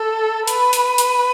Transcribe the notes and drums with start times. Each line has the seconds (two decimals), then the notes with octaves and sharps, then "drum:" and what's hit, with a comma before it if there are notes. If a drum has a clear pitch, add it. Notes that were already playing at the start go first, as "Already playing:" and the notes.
Already playing: A4
0.48 B4, drum: hi-hat
0.73 drum: hi-hat
0.98 drum: hi-hat